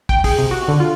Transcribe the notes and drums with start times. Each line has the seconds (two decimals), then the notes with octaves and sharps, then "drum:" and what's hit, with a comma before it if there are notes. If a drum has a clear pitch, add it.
0.09 G5, drum: kick
0.24 G#4, drum: kick, open hi-hat
0.38 C3
0.51 F#4
0.68 D3
0.80 F4